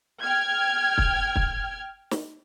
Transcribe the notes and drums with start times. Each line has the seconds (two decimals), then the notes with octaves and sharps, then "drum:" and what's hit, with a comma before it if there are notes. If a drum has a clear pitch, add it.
0.22 G5 F6 G#6
0.98 drum: kick
1.36 drum: kick
2.11 drum: snare